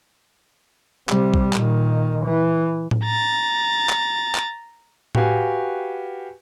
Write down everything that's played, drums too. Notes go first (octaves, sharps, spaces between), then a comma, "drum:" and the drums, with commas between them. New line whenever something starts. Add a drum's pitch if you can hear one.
C3 G3, drum: clap
drum: kick A#1
A#2 D#3, drum: clap
E3
drum: tom A2
A#5 A6
drum: clap
drum: clap
F#4 G4 B4 F5 G#5, drum: tom A2